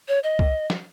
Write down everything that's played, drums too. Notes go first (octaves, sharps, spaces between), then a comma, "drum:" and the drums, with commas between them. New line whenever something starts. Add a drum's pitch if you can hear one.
C#5
D#5
drum: kick C2
drum: snare